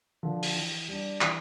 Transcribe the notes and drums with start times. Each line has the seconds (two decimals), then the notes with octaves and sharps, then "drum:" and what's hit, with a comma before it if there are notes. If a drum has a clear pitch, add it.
0.23 D3 F3
0.43 drum: open hi-hat
0.56 E3
0.88 G3 D4
1.21 E3, drum: clap